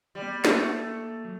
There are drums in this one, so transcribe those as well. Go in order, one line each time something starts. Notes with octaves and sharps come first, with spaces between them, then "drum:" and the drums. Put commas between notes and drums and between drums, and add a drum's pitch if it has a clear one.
G3
B3
A3 A#3, drum: snare
F#3